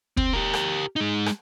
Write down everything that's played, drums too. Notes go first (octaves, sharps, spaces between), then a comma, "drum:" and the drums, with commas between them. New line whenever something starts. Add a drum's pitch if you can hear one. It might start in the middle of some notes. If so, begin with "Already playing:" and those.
C4, drum: kick
G4 A#4
drum: rim click
G#3 D#4
drum: rim click